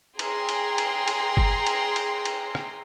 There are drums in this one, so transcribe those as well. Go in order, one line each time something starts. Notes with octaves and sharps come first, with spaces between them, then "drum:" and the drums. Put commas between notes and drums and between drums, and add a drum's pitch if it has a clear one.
G#4 G5 A#5 C6, drum: cymbal
drum: cymbal
drum: cymbal
drum: cymbal
drum: kick G1
drum: cymbal
drum: cymbal
drum: cymbal
drum: rim click